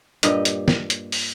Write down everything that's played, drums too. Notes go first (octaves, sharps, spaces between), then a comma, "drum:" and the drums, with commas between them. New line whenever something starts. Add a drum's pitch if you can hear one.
G2 A#2 G4 D#5, drum: hi-hat
drum: hi-hat
drum: snare
drum: hi-hat
drum: open hi-hat